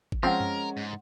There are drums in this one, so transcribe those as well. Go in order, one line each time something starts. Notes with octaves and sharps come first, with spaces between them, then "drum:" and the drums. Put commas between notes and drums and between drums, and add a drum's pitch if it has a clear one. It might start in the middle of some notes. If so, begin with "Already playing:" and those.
drum: kick G#1
F3 G#3 C4 C#4 A#4 F#5 C6
drum: tom F#2
G#2